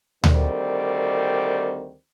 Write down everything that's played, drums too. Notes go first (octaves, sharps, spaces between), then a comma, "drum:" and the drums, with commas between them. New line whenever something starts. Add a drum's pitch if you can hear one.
D2 D#3 G3 C4 A#4 D5, drum: tom D2